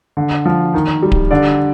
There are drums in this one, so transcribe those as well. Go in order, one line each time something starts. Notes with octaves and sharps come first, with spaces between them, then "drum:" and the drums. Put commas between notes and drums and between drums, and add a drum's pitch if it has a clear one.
D3
F3
D#3
G3
drum: kick D1
D3 D5